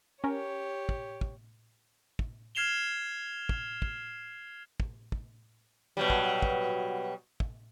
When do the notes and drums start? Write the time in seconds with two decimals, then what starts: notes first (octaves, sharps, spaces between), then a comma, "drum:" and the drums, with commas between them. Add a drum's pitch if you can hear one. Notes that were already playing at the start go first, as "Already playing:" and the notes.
0.24 C#4 G4 A#4 C#5
0.89 drum: kick
1.21 drum: kick
2.19 drum: kick
2.55 F6 G#6 C7 E7 F7 G7
3.49 drum: kick
3.82 drum: kick
4.80 drum: kick
5.12 drum: kick
5.97 B2 F#3 G3
6.10 drum: kick
6.42 drum: kick
7.40 drum: kick